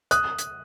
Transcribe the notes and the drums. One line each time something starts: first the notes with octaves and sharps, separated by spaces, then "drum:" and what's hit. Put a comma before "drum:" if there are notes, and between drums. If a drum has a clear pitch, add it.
D#6 F#6, drum: hi-hat
drum: hi-hat